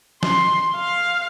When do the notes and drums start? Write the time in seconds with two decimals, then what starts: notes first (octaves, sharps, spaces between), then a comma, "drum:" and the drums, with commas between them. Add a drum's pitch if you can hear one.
0.23 C6, drum: snare
0.76 F5